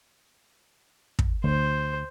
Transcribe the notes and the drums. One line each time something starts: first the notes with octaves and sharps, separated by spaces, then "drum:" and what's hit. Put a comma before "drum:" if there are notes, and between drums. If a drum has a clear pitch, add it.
drum: kick
D2 C5